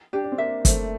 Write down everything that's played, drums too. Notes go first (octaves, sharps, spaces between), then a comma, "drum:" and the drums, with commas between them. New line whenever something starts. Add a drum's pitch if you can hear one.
D4 G4
D4
C4
A#3 E5
A3 C5, drum: kick, hi-hat